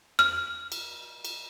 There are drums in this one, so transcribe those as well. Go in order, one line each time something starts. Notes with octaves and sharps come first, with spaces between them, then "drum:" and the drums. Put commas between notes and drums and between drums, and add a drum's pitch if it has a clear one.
F6, drum: rim click
drum: cymbal
drum: cymbal